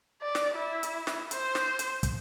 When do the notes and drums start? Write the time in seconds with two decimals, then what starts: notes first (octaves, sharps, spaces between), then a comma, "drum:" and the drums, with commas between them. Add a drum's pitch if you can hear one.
0.22 D5
0.35 drum: snare
0.55 E4
0.83 drum: hi-hat
1.07 drum: snare
1.31 C5, drum: hi-hat
1.55 drum: snare
1.79 drum: hi-hat
2.03 drum: kick, hi-hat